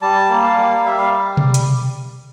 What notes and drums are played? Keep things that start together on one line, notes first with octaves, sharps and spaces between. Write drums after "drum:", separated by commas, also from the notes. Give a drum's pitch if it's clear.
G3 A5
A#3
F5
G3
G3 E5
F5
drum: tom B2
drum: hi-hat